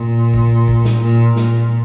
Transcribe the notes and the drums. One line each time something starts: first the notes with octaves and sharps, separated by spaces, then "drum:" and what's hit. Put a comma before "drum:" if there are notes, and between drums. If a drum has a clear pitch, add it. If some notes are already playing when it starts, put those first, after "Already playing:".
Already playing: A#2
drum: kick
drum: kick
drum: snare
A#2
A#2, drum: snare